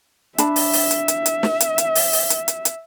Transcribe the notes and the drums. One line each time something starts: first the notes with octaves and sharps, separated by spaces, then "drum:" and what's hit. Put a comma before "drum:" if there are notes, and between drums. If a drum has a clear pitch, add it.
D4 E5 A5 B5, drum: hi-hat
drum: open hi-hat
drum: open hi-hat
drum: hi-hat
drum: hi-hat
drum: hi-hat
drum: snare
drum: hi-hat
drum: hi-hat
drum: open hi-hat
drum: open hi-hat
drum: hi-hat
drum: hi-hat
drum: hi-hat